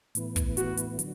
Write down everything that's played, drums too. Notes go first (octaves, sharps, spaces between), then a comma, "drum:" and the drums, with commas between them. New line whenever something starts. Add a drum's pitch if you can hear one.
A2 E3 B3, drum: hi-hat
drum: kick, hi-hat
F#4, drum: hi-hat
drum: hi-hat
D3 F#3, drum: hi-hat